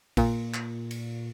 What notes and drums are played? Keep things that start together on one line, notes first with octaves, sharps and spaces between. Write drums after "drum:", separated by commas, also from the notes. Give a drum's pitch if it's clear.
A#2, drum: kick, cymbal
drum: clap
drum: cymbal